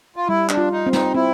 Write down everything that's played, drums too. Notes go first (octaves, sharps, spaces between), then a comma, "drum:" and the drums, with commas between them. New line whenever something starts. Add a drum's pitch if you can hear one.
F4
G3 E4
D4, drum: clap
F4
D#4
C4
D#4, drum: snare
C4 E4